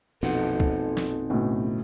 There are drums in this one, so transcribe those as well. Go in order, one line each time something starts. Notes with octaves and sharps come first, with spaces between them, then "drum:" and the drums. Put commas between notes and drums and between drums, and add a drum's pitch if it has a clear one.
A#1 F2 B2 C4 D#4 A4 F#5
drum: kick
drum: snare
B1 A2 C#3